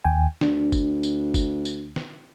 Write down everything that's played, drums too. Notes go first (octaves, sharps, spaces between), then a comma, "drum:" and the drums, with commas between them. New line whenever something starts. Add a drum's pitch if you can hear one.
D#2 G5 G#5
D2 D4, drum: snare
drum: kick G1, tambourine
drum: tambourine
drum: kick G1, tambourine
drum: tambourine
drum: snare